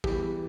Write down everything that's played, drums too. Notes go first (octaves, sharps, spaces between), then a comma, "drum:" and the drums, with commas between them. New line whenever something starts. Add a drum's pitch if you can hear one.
E2 E3 G3 G4, drum: kick